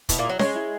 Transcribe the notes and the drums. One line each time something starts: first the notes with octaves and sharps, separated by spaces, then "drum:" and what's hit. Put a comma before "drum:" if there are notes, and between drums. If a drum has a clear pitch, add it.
B2 B3 E4, drum: kick, hi-hat
A#2 A#3
F#3 G#4
G#3 C#5, drum: snare C#4
E4